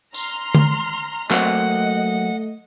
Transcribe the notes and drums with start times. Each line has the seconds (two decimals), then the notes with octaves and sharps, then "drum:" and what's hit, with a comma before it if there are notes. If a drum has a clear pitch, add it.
0.14 A#5 C6 F6, drum: tambourine
0.55 drum: tom D3
1.31 F#3 A3 A#3 C4 D#5 F#5, drum: clap